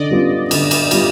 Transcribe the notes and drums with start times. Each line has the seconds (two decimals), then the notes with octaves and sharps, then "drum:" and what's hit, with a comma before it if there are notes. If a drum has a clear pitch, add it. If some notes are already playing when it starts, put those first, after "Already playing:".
Already playing: D3 D5 D#5
0.10 G3 B3 F4
0.51 D3, drum: cymbal
0.71 drum: cymbal
0.91 G3 B3 F4, drum: cymbal